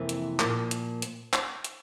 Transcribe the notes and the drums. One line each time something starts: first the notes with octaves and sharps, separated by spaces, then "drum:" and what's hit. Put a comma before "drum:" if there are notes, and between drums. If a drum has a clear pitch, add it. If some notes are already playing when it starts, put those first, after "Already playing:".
Already playing: F2 C3 E3 A#3
drum: hi-hat
A#2 F3 A#3, drum: clap
drum: hi-hat
drum: hi-hat
drum: clap
drum: hi-hat